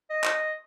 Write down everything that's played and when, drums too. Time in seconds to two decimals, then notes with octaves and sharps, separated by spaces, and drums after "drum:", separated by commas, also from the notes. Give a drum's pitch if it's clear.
0.10 D#5
0.24 drum: clap